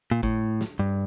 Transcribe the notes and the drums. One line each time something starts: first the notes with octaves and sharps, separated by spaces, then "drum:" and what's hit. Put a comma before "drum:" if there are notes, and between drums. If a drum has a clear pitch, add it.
A#2
A2, drum: kick G#1
drum: snare
G2